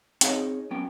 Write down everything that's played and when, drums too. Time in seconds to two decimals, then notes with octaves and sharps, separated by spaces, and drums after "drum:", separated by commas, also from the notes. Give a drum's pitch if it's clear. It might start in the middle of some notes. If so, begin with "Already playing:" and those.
0.21 C4 D#4 G#4 C#5 D#5, drum: hi-hat
0.71 F#2 B3 C#4 G5